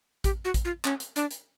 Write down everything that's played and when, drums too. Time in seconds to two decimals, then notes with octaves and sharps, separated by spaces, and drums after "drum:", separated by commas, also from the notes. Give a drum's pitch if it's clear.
0.24 G4, drum: kick A1, hi-hat
0.45 F#4
0.54 drum: kick A1, hi-hat
0.65 F4
0.85 C#4, drum: clap
1.00 drum: hi-hat
1.16 D4, drum: hi-hat
1.31 drum: hi-hat